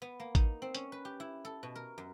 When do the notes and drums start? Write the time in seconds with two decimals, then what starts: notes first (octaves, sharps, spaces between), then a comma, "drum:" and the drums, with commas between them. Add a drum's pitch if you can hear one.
0.02 B3
0.20 A#3
0.35 D#4, drum: kick A1, hi-hat
0.62 C4
0.75 C#4, drum: hi-hat
0.92 B4
1.05 G4
1.20 E4
1.45 A4
1.63 B2
1.75 A#4
1.98 F#2